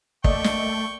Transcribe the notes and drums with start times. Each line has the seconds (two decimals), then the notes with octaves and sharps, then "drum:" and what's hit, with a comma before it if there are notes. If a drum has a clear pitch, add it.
0.24 A3 A#3 D5 D#5 G5 C#6, drum: kick
0.44 drum: snare